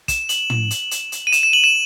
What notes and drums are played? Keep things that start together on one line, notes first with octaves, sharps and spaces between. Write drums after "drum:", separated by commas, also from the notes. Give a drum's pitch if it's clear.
E7, drum: kick, hi-hat
F#7, drum: hi-hat
drum: tom
drum: hi-hat
drum: hi-hat
drum: hi-hat
D#7
E7, drum: hi-hat
E7
F#7
E7